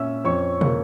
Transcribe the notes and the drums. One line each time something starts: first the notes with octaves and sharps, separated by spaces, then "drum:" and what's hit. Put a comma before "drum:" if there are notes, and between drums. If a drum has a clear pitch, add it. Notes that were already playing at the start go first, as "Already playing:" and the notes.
Already playing: A#2 C#4 E5 E6
F2 C#5 C#6
A#3, drum: tom